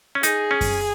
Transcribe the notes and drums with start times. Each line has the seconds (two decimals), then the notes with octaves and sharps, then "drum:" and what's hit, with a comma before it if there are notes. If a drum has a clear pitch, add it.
0.15 C#4
0.23 D#4 G#4, drum: hi-hat
0.51 C#4
0.61 drum: kick F#2, open hi-hat